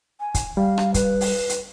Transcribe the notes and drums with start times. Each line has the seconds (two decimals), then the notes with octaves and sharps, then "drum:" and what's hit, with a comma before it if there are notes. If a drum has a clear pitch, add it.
0.20 G#5
0.34 drum: kick, hi-hat
0.57 G3 F5
0.78 drum: rim click
0.94 B4, drum: kick, hi-hat
1.21 drum: open hi-hat
1.49 drum: hi-hat